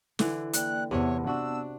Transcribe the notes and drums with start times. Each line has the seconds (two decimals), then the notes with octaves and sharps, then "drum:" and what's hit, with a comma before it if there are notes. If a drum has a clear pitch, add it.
0.19 D3 E3, drum: snare
0.54 A#3 D5 G5 F#6, drum: hi-hat
0.91 E2 C3 B3 C#5 F#5 A5
1.27 D4 F#4 E6